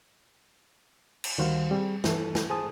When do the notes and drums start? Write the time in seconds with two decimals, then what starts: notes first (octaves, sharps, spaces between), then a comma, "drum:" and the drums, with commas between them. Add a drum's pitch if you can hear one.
1.24 drum: cymbal
1.38 D2 D#3 G3 F#4 C5 F5
1.71 G3 C4 G#4
2.04 G2 E3 A4, drum: snare
2.35 drum: snare
2.50 G#4 C5 G#5 A5 D#6